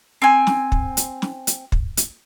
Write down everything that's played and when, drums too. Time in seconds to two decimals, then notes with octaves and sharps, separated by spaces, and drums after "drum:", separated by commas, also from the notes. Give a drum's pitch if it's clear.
0.22 C4 G#5
0.47 drum: snare
0.72 drum: kick
0.97 drum: hi-hat
1.22 drum: snare
1.47 drum: hi-hat
1.72 drum: kick
1.97 drum: hi-hat